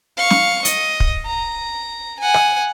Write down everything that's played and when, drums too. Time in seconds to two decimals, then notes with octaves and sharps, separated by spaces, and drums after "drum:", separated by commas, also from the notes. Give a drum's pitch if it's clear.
0.17 F5 C#6
0.30 drum: snare
0.65 D#5, drum: hi-hat
1.00 drum: kick
1.25 A#5
2.19 F#5 G#5
2.34 drum: rim click